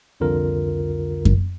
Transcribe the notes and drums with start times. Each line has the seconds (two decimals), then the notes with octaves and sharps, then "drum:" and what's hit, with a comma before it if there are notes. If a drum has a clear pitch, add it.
0.20 C2 F2 D3 F4 A#4
1.25 drum: kick F#2